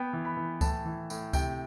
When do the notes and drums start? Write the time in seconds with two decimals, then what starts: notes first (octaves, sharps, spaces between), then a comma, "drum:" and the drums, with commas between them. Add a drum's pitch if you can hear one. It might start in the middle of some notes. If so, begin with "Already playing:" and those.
Already playing: B3 G5
0.13 E3
0.25 B5
0.37 E3
0.61 A2 A5, drum: kick C#2, tambourine
0.86 E3
1.10 A2, drum: tambourine
1.33 C3 G5, drum: kick C#2, tambourine